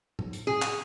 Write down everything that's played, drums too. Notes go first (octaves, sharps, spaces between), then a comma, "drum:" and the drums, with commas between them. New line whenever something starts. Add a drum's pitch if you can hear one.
drum: tom A2
drum: hi-hat
G#4
drum: clap